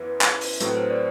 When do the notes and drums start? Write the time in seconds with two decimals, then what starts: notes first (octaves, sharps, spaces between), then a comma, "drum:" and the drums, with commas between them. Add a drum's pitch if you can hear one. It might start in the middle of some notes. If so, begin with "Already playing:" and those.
Already playing: F#2 E3 B3 E4 B4
0.21 drum: clap
0.41 drum: open hi-hat
0.60 A2 F#3 A3 C4 F#4 B4, drum: hi-hat
0.76 C5
0.90 D5